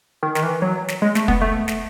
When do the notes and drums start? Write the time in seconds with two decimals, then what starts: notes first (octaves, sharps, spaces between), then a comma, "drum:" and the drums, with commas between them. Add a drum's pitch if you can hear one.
0.23 D#3
0.35 D#3, drum: snare
0.43 E3
0.62 F#3
0.88 drum: snare
1.02 G#3
1.15 A3, drum: snare
1.28 B3, drum: kick
1.41 A3
1.68 drum: snare